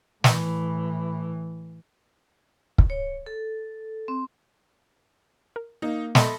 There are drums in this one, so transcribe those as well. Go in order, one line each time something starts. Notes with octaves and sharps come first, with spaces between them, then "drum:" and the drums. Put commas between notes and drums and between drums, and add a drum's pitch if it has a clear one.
A2 E3, drum: snare
drum: kick
C#5
A4
C4
A#4
A#3 D#4
G#3 B3 A4 D#5 E5 B5 C6, drum: snare